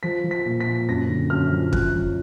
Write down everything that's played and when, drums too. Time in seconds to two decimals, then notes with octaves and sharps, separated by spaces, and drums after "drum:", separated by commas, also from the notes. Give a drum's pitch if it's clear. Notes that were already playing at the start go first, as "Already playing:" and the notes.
0.03 F3 B6
0.24 F3
0.31 B6
0.45 A#2
0.60 B6
0.67 A#2
0.88 F#2 A#6
1.09 D3
1.30 F#2 F6
1.51 F3
1.73 F3 F#6, drum: kick
1.95 F3